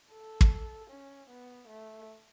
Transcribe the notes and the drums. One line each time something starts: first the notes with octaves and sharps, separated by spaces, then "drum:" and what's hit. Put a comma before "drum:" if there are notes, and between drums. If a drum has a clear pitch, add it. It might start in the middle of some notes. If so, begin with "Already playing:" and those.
A4
drum: kick
C#4
B3
A3